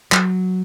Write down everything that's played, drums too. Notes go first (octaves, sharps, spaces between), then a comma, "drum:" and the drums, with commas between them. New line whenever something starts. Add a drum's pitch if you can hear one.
F#3, drum: clap